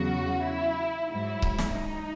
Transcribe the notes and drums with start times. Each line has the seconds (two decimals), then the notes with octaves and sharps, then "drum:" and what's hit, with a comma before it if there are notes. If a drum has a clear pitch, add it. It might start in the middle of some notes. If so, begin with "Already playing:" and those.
Already playing: E2 C#3 F#3 F#4
0.46 E4
1.10 G#2 F#3 E4
1.42 drum: kick C#1
1.58 drum: snare
1.74 D#4